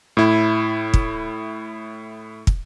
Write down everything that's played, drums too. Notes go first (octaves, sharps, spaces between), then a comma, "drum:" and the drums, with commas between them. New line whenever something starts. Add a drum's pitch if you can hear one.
A2 E4
drum: kick
drum: kick